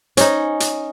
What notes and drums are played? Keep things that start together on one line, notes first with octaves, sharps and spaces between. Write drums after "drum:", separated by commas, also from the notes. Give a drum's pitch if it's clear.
C#4 D#4, drum: hi-hat
drum: hi-hat